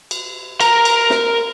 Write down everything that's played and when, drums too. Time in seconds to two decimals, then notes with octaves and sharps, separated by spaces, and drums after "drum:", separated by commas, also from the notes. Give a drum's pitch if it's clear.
0.11 drum: cymbal
0.61 A#4 A#5, drum: cymbal
0.85 drum: cymbal
1.10 drum: snare